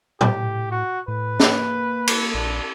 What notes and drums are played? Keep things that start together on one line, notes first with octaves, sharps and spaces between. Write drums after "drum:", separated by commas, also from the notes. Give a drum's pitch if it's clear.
A2 G4, drum: tom A#2
F#4
A2 B4
A#3, drum: snare
drum: cymbal
A#1 D4